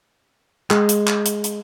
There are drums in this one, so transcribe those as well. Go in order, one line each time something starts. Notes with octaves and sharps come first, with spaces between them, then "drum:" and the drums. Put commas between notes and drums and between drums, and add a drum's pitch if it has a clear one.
G#3, drum: clap
drum: hi-hat
drum: clap
drum: hi-hat
drum: hi-hat